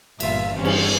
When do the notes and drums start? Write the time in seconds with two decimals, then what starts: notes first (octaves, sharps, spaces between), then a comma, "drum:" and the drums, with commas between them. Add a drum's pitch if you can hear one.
0.20 G1 E2 G2 A#2 F4 E5, drum: cymbal
0.54 G2 E3 C4 C#4
0.65 drum: cymbal